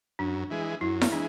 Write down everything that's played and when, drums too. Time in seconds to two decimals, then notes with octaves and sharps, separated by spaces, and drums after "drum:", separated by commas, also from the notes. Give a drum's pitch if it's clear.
0.19 F#2 D4
0.50 E3 G#3
0.81 F#2 E4
1.01 drum: snare E4
1.12 E3 G#3 D4